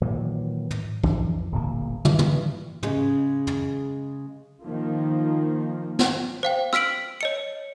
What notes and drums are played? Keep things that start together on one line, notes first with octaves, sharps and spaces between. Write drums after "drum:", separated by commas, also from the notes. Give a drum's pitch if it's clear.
A#2 D#3 E3 F#3
drum: tom
F2 E3 D4, drum: kick
D1 G1 A#2 A#3
G2 E3, drum: tom
drum: tom
C#3 G#3, drum: tom
drum: tom
D#3 F3 A#3
drum: snare
C5 F5 G5
E6 F6 B6 D7 F#7, drum: rim click
C#5 D#5 C#7